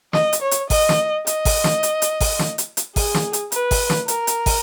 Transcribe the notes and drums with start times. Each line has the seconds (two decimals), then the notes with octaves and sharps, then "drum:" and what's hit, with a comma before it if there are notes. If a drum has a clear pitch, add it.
0.13 D#5, drum: snare
0.33 drum: hi-hat
0.42 C#5
0.51 drum: hi-hat
0.70 D#5, drum: kick, open hi-hat
0.89 drum: snare
1.27 D#5, drum: hi-hat
1.45 drum: kick, open hi-hat
1.64 drum: snare
1.83 drum: hi-hat
2.02 drum: hi-hat
2.20 drum: kick, open hi-hat
2.39 drum: snare
2.58 drum: hi-hat
2.77 drum: hi-hat
2.96 G#4, drum: kick, open hi-hat
3.14 drum: snare
3.33 drum: hi-hat
3.52 B4, drum: hi-hat
3.71 drum: kick, open hi-hat
3.90 drum: snare
4.08 A#4, drum: hi-hat
4.27 drum: hi-hat
4.46 drum: kick, open hi-hat